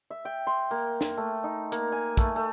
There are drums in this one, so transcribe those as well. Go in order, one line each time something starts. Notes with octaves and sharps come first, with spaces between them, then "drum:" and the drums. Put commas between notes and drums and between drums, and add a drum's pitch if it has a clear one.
E5
G5
C6
A#3
drum: snare
A3
D#4
A#3, drum: hi-hat
G#5
A3, drum: kick, hi-hat
A3